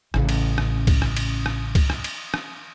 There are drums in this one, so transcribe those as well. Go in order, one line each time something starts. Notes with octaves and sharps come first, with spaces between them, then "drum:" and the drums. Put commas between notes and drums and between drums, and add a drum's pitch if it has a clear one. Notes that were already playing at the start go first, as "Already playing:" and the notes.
A1 C#3, drum: rim click
drum: cymbal
drum: rim click
drum: kick C#2, cymbal
drum: rim click
drum: cymbal
drum: rim click
drum: kick C#2, cymbal
drum: rim click
drum: cymbal
drum: rim click